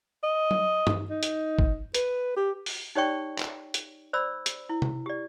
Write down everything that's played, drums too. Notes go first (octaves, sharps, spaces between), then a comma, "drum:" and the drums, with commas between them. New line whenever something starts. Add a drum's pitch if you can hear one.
D#5
drum: tom F#3
drum: tom G2
D#4
drum: hi-hat
drum: kick
B4, drum: hi-hat
G4
drum: open hi-hat
D#4 G4 C#5 D5 G5 C#6
drum: clap
drum: hi-hat
C5 D5 B5 E6
drum: hi-hat
E4
drum: tom C3
G4 D5